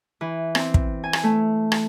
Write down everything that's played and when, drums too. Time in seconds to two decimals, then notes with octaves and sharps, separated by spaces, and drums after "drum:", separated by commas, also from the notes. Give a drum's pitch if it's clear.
0.21 E3
0.55 C4, drum: rim click
0.74 drum: kick
1.04 G#5
1.13 drum: rim click
1.23 A3
1.72 drum: rim click